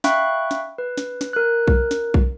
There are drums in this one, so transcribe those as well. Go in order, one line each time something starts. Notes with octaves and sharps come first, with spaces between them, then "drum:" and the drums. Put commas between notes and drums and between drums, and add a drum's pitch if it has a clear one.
E5 F5 G5 B5 C#6 F#6, drum: snare
drum: snare
B4
drum: snare
drum: snare
A#4 F#6
drum: kick B1
drum: snare
drum: kick B1